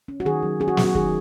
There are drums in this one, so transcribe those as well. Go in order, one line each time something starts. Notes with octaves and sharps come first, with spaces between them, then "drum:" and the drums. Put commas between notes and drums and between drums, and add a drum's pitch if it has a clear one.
C#4
F#4
D#3 G#4
F#3
C#4 G#4
F#4
F#3, drum: snare
F#4
D#3 G#4, drum: kick